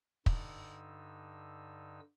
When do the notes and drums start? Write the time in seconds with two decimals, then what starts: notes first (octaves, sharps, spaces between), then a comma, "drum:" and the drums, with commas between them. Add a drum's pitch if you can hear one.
0.26 G2 D3 D#4 E6, drum: kick